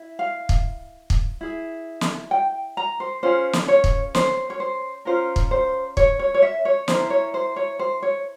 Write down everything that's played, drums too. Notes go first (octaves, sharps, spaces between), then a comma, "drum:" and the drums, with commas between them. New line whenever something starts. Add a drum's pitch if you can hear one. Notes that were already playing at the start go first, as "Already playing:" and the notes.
Already playing: E4
F5
drum: kick
drum: kick
E4 G#4
drum: snare
G5
A#5
C5
C#4 F4 G#4 C5
drum: snare
C#5
drum: kick
C5, drum: snare
C#5
C5
C#4 F4 A#4 C5
drum: kick
C5
C#5, drum: kick
C#5
C#5
E5
C#5
E4 A#4 C5, drum: snare
C#5
C5
C#5
C5
C#5